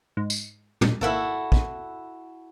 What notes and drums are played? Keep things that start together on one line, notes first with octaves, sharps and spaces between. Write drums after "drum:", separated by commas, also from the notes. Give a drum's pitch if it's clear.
G#2
drum: tambourine
drum: tom
G#1 A#3 E4 F#4 A4 E5
drum: kick